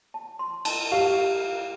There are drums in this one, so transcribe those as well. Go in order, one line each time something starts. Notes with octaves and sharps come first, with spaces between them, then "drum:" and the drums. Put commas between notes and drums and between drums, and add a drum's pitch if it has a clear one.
A5
C6
A5, drum: cymbal
G4 F5